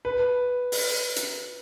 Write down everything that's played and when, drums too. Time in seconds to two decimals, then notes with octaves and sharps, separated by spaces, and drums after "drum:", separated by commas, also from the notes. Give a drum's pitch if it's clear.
0.05 B4
0.72 drum: open hi-hat
1.16 drum: hi-hat